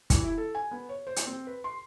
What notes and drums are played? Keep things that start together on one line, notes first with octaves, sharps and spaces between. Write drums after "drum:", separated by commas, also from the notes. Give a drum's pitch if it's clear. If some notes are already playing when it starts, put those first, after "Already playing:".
E3, drum: kick, hi-hat
E4
A4
G#5
B3
C#5
C5
drum: hi-hat
C4
B4
C6